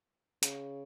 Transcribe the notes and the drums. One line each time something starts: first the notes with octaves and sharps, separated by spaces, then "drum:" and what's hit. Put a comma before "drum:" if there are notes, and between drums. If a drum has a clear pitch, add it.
C#3, drum: hi-hat